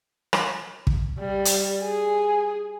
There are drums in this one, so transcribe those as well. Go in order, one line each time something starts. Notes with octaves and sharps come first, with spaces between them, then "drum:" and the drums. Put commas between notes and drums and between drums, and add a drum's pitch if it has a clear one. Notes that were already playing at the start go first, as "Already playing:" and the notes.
drum: rim click
drum: kick
G3
drum: hi-hat
G#4